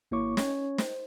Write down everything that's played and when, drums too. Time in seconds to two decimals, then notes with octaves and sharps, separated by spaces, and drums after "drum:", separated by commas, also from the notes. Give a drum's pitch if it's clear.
0.11 G#1 A#3 E4 C#5 C#6 D6
0.37 C#4 C#5, drum: snare
0.78 C5, drum: snare